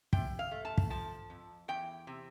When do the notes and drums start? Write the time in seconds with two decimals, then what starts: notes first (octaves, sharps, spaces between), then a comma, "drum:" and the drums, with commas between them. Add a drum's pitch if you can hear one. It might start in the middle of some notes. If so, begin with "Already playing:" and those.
0.13 C3 G5, drum: kick
0.39 F5
0.51 A3
0.65 A5
0.78 drum: kick
0.90 F3 A5
1.30 F2
1.68 E2 G5
2.07 C3